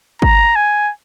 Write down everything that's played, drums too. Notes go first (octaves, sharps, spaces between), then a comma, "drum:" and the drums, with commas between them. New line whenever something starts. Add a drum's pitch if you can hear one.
A#5, drum: kick
G#5